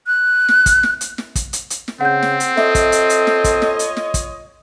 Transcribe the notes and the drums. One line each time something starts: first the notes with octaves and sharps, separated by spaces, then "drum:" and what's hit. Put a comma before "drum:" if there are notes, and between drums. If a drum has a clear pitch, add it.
F#6
drum: snare
drum: kick, hi-hat
drum: snare
drum: hi-hat
drum: snare
drum: kick, hi-hat
drum: hi-hat
drum: hi-hat
drum: snare
C#3 C4 F#5 G6
drum: snare
drum: hi-hat
F4 A4 C#5 D#5 E5, drum: snare
drum: kick, hi-hat
drum: hi-hat
drum: hi-hat
drum: snare
drum: kick, hi-hat
drum: snare
drum: hi-hat
drum: snare
drum: kick, hi-hat